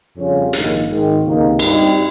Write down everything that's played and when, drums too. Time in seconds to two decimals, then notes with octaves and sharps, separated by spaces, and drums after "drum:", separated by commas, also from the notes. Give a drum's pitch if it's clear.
0.16 F2 C#3 G3 C#4 F4
0.53 A#1 G#2 D#3 A#3 D#4, drum: hi-hat
0.89 G#1 G#2 D#3
1.24 C#2 C3 D#3 A#3 D#4
1.59 G2 G3 C4 D#4, drum: cymbal